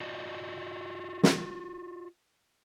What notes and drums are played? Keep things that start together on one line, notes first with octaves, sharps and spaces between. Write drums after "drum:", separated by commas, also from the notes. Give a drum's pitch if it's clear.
F4 F#4 D5 D#5
drum: snare